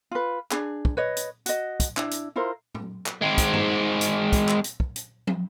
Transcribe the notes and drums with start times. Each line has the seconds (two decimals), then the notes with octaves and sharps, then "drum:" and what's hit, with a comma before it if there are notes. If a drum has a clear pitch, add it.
0.11 F4 B4
0.51 D4 G#4, drum: clap
0.85 drum: kick
0.97 B4 C#5 D#5
1.17 drum: hi-hat
1.46 F#4 D#5, drum: hi-hat
1.80 drum: kick, hi-hat
1.97 D4 E4, drum: clap
2.11 drum: hi-hat
2.36 E4 F4 A#4 C5
2.75 drum: tom
3.06 drum: clap
3.22 G#3 C4
3.38 drum: kick, hi-hat
3.54 drum: tom G2
4.01 drum: hi-hat
4.33 drum: kick, hi-hat
4.48 drum: clap
4.64 drum: hi-hat
4.80 drum: kick
4.96 drum: hi-hat
5.27 drum: tom